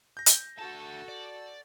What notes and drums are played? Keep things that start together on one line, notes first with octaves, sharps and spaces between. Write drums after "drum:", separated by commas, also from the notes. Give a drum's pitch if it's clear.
G6 A#6
drum: hi-hat
D2 F#4 A4 A5
D5